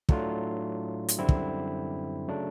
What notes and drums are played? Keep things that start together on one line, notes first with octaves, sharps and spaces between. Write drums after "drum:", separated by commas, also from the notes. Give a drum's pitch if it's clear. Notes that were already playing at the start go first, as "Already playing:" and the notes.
A2 F#3 A3 D4 F4, drum: kick
drum: hi-hat
F#2 D3 G3 C4 E4
drum: kick
C#3 F#3 A3 D4